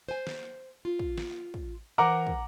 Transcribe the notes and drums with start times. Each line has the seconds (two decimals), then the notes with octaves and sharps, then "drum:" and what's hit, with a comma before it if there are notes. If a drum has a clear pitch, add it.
0.09 C5 G#5
0.27 drum: snare
0.85 F4
0.99 drum: kick
1.18 drum: snare
1.54 drum: kick
1.98 E3 A#4 C5 F#5 A#5 D6
2.27 drum: kick